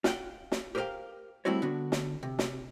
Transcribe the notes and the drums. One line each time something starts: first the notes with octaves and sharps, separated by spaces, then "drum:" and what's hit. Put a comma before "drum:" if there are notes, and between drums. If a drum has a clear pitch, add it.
F4 F#5 G5, drum: snare
drum: snare
G4 A#4 C5 D#5 F5 G5
G3 A3 C4 E4 F#4 C#5
D3 B3 D4 F#4
drum: snare
C3
drum: snare